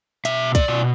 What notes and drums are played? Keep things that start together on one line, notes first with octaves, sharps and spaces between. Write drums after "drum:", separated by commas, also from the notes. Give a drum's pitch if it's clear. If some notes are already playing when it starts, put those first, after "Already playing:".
B2 E5, drum: hi-hat
D5, drum: kick, hi-hat
B2